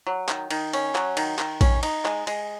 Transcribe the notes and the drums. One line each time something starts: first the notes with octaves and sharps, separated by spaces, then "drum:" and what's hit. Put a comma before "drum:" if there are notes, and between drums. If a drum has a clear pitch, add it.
F#3
D#3, drum: clap
D#3, drum: cymbal
C#4, drum: cymbal
F#3, drum: clap
D#3, drum: cymbal
D#3, drum: clap
C#4, drum: kick A#1, cymbal
D#4, drum: cymbal
G#3, drum: clap
G#3, drum: cymbal